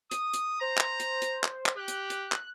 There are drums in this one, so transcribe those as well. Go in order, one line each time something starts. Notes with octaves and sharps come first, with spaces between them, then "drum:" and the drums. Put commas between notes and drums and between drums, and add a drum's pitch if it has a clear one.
D#6, drum: hi-hat
drum: hi-hat
C5 A#5
drum: clap
drum: hi-hat
drum: hi-hat
drum: clap
drum: clap
G4 F#6
drum: hi-hat
drum: hi-hat
drum: clap